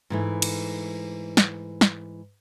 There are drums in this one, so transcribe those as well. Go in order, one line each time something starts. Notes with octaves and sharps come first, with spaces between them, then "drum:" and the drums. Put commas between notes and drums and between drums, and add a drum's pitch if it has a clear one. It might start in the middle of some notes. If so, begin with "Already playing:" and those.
G#2 E3 A3
drum: cymbal
drum: snare
drum: snare